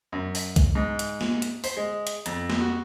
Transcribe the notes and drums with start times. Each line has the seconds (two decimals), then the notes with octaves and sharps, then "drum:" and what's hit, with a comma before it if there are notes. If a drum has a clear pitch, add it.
0.12 F#2
0.35 drum: open hi-hat
0.56 drum: kick, hi-hat
0.75 G#2
0.99 drum: hi-hat
1.21 drum: snare
1.42 drum: hi-hat
1.64 C5, drum: open hi-hat
1.77 G#3
2.07 drum: hi-hat
2.26 F2, drum: hi-hat
2.50 drum: snare
2.60 F#4